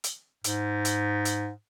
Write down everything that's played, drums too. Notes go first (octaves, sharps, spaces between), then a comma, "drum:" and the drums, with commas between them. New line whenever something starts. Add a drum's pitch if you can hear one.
drum: hi-hat
G#2, drum: hi-hat
drum: hi-hat
drum: hi-hat